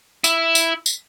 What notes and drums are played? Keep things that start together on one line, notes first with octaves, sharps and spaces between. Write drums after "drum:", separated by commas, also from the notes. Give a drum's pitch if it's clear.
E4, drum: tambourine
drum: tambourine
drum: tambourine